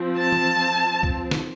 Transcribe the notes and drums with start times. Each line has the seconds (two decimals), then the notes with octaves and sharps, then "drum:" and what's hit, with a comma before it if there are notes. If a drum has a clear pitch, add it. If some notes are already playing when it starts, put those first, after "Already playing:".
Already playing: F3 C4
0.18 A5
0.32 drum: tom E3
1.03 drum: kick C2
1.31 drum: snare